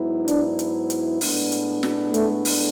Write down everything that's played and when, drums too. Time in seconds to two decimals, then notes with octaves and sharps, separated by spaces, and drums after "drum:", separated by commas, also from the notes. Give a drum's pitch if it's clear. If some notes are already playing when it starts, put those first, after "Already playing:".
Already playing: G#2 F#3 B3 E4
0.28 D4, drum: hi-hat
0.59 drum: hi-hat
0.90 drum: hi-hat
1.21 A2 G#3 B3 D4, drum: open hi-hat
1.52 drum: hi-hat
1.83 drum: snare
2.14 A3, drum: hi-hat
2.45 drum: open hi-hat